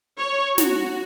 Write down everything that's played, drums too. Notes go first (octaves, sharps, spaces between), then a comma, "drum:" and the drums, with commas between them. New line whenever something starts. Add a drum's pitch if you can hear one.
C#5
F#4, drum: snare